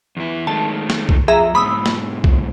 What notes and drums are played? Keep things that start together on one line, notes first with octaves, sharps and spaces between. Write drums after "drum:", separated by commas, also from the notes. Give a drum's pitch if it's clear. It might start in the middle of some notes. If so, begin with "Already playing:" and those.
E2 E4
D#3 G#3 A3 A5
drum: snare
drum: kick B1
F2 G#4 E5 A#5
G#2 B2 B5 D#6 E6
drum: snare
drum: kick B1